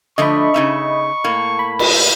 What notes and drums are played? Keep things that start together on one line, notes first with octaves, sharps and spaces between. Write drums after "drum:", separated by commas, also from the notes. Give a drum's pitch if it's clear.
D3 F3 A3 D#5 B5 C#6
C#3 D#4 E5
A2 A#3
B5
drum: cymbal